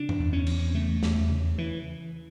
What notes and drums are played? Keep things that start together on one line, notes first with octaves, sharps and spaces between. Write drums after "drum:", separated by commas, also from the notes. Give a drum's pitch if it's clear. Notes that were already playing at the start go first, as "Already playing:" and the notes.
Already playing: C#3 D4
drum: tom F#2
E2
C#4
E2, drum: cymbal
C#3 A3
E2, drum: snare
C#3
E3